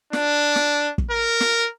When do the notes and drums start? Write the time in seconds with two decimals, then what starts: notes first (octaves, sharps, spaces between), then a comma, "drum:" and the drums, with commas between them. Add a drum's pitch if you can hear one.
0.13 D4, drum: snare
0.56 drum: snare
0.98 drum: kick
1.11 A#4
1.40 drum: snare